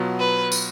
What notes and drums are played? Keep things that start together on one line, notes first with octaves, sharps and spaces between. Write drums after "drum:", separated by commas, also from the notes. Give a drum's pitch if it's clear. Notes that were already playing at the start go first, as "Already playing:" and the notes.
Already playing: B2 F#3 B3 F4
B4
drum: tambourine